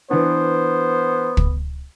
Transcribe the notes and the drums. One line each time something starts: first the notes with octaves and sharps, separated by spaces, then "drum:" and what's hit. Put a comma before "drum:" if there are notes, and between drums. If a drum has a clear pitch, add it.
E3 B3 D4 C5
drum: kick